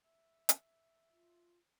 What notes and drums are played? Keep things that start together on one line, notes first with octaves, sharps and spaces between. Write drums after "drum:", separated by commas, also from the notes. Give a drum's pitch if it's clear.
E5
drum: hi-hat
F4